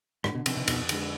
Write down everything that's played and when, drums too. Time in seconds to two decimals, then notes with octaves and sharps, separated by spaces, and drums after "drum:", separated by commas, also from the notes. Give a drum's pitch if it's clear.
0.24 G#2 D3, drum: rim click
0.35 B2
0.46 C3 F3 C4 D#4, drum: cymbal
0.57 C3
0.68 F2 B2, drum: cymbal
0.89 D3 G#3, drum: cymbal